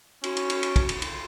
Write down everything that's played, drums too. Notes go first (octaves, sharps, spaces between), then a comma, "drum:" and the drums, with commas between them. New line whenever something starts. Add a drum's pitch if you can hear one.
C#4 F#4, drum: cymbal
drum: cymbal
drum: cymbal
drum: cymbal
drum: kick, cymbal
drum: cymbal
drum: cymbal